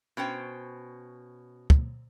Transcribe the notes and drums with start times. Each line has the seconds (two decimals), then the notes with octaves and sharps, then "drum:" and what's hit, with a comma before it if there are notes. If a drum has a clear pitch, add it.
0.17 B2 C#4 C5 G5
1.70 drum: kick